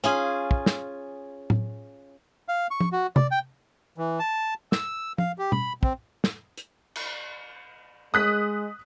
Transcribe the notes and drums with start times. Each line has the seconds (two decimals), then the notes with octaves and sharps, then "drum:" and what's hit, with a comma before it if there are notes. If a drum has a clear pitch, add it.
0.04 C#4 F4 G#4, drum: hi-hat
0.51 drum: kick
0.66 drum: snare
1.50 drum: tom A2
2.48 F5
2.71 C#6
2.80 drum: tom F3
2.92 F#4
3.16 D5, drum: tom C3
3.31 G5
3.98 E3
4.19 A5
4.72 E6, drum: snare
5.18 F5, drum: tom F3
5.39 G4
5.52 B5, drum: tom
5.83 C4, drum: kick
6.24 drum: snare
6.57 drum: hi-hat
6.96 drum: cymbal
8.14 G#3 D#6 F#6 B6